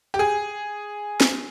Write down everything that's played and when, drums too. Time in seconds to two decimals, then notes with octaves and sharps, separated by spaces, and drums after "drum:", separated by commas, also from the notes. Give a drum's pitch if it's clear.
0.14 G4
0.19 G#4
1.21 drum: snare